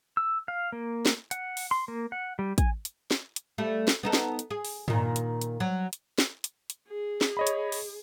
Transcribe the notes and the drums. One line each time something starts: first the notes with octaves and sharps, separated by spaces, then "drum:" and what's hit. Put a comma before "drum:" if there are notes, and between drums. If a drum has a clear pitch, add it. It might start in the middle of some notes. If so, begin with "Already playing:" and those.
E6
F5
A#3
drum: snare
F#5, drum: hi-hat
drum: open hi-hat
C6
A#3
F#5
G3
G#5, drum: kick, hi-hat
drum: hi-hat
drum: snare
drum: hi-hat
G3 A3
drum: snare
B3 D#4 A4
drum: snare
drum: hi-hat
G#4
drum: open hi-hat
A#2 D#3, drum: tom G2
drum: hi-hat
drum: hi-hat
F#3
drum: hi-hat
drum: snare
drum: hi-hat
drum: hi-hat
G#4
drum: snare
C#5 D#5 B5
drum: hi-hat
drum: open hi-hat